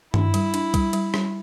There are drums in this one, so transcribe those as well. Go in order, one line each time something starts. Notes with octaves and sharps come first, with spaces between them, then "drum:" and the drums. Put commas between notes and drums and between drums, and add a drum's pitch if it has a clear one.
D4 E4, drum: tom G2
G3, drum: cymbal
D4, drum: cymbal
G3, drum: kick C2, cymbal
G3, drum: cymbal
G3, drum: rim click